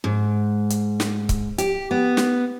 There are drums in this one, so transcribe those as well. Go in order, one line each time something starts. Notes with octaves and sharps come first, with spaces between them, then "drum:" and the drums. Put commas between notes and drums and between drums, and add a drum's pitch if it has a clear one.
G#2
drum: hi-hat
drum: snare
drum: kick C#1, hi-hat
G4, drum: hi-hat
B3
drum: snare